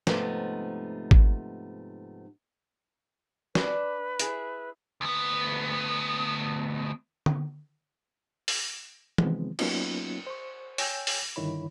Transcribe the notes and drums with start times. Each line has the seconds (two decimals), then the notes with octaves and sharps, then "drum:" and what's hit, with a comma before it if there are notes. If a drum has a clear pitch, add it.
0.07 G#2 C3 F3 A3 B3 D#4, drum: snare
1.11 drum: kick G#1
3.55 D4 B4, drum: snare
4.19 E4 G#4, drum: hi-hat
5.01 D2 B3
7.26 drum: tom D3
8.48 drum: open hi-hat
9.18 C3 D#3 F3 G#3 B3 C4, drum: tom E3
9.59 F#3 A#3 B3 C#4 D#4 F4, drum: cymbal
10.27 C5 C#6
10.78 C#5 G5 G#5 E6 G6, drum: open hi-hat
11.07 drum: open hi-hat
11.36 G2 D3 D#3 E4 C#5 B5